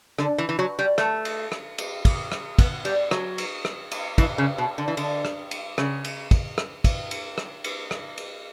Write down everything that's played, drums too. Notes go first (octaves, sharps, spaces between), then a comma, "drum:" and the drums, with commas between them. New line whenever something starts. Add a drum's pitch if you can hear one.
D3, drum: rim click
E3
E3
F#3
G3
A3, drum: rim click
drum: cymbal
drum: rim click
drum: cymbal
drum: kick, cymbal
drum: rim click
B3, drum: kick, cymbal
G3, drum: cymbal
F#3, drum: rim click
drum: cymbal
drum: rim click
drum: cymbal
E3, drum: kick, cymbal
C#3
B2
D3
E3
D3, drum: cymbal
drum: rim click
drum: cymbal
C#3, drum: rim click
drum: cymbal
drum: kick, cymbal
drum: rim click
drum: kick, cymbal
drum: cymbal
drum: rim click
drum: cymbal
drum: rim click
drum: cymbal